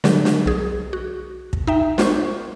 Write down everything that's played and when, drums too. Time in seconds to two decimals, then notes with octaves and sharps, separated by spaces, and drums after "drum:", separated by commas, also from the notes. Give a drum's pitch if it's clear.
0.04 D3 F#3 G4, drum: snare
0.25 drum: snare
0.46 B1 G#4
0.93 F#4
1.53 drum: kick
1.67 D#4 E5 G5
1.98 B3 F4 C5 C#6, drum: snare